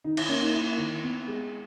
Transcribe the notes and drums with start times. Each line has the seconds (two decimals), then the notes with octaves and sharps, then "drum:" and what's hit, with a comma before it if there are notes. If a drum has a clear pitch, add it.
0.04 D#3 D#4
0.17 E4, drum: cymbal
0.29 A#3 C#4
0.42 D#4
0.54 A#3 E4
0.78 D#3
1.03 B3
1.28 G#3